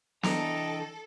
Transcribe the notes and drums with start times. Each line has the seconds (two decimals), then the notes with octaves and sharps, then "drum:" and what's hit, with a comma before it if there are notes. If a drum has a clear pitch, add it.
0.23 E3 D4 A4 D#5 G5 A#5 C#6, drum: snare